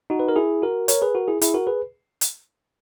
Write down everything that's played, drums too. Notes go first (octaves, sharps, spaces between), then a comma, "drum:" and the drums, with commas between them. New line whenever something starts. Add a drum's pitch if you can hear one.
D#4 F#4
B4
A#4
E4 G#4
F#4 A#4
A#4 C#5, drum: hi-hat
G#4 B4
F#4 A#4
E4 G#4
E4 G#4, drum: hi-hat
F#4 A#4
G#4 B4
drum: hi-hat